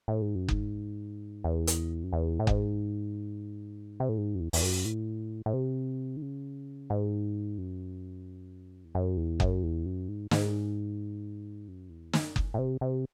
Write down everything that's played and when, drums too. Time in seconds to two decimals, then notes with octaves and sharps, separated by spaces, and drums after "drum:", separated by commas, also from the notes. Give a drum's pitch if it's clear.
0.08 A2
0.22 G#2
0.35 F#2
0.48 G#2, drum: kick F#1
1.44 E2
1.67 drum: hi-hat
2.03 F#2
2.13 E2
2.39 A2
2.47 G#2, drum: kick F#1
4.00 C3
4.09 A2
4.18 G#2
4.35 F#2
4.40 E2
4.53 E2, drum: open hi-hat
4.62 F#2
4.85 A2
5.46 A2
5.54 C3
6.17 D#3
6.22 C#3
6.90 G#2
7.58 F#2
8.84 E2
8.95 F#2
9.17 E2
9.40 F#2, drum: kick F#1
9.63 E2
9.86 F#2
10.08 G#2
10.31 G#2, drum: snare
11.68 F#2
11.90 E2
12.13 F#2, drum: snare
12.36 A2, drum: kick F#1
12.54 A2
12.59 C3
12.81 C3